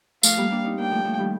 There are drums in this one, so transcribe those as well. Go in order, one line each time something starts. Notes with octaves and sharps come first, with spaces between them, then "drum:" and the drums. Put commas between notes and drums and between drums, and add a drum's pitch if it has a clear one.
F3 A3 F5, drum: tambourine
G3 A#3
A#3 D4
C4 D#4
A#3 D4 G5
F3 A3
F3 A3
D#3 G3